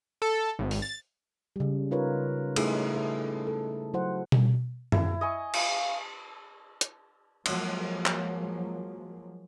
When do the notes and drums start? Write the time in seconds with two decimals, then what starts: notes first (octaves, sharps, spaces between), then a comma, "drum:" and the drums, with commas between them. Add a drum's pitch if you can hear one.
0.22 A4
0.59 G#1
0.71 drum: open hi-hat
0.82 A6
1.56 C#3 G3
1.91 D#4 F4 A#4 B4 C#5
2.56 A3 D#4 E4 G#4, drum: cymbal
2.95 A4
3.47 A4
3.94 F#3 E4 C5 F#5
4.32 drum: tom B2
4.92 E4, drum: tom F#2
5.21 D#5 G#5 C#6
5.54 F5, drum: cymbal
6.81 drum: hi-hat
7.46 F3 F#3 G#3 A#3, drum: cymbal
8.06 drum: clap